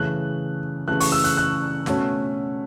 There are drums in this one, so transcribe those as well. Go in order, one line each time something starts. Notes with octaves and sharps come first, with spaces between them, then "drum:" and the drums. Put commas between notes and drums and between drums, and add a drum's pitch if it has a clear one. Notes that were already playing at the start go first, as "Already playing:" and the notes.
Already playing: C#3 E3 A3 C#4 F#6
C#3 E3 A3 F#6
C#6, drum: open hi-hat
E6
F#6, drum: hi-hat
F#6
B2 A3 C#4, drum: snare